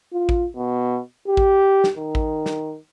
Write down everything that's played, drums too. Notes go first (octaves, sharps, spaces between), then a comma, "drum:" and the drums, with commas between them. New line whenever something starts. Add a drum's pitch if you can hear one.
F4
drum: kick A1
B2
G4
drum: kick A1
drum: snare
D#3
drum: kick A1
drum: snare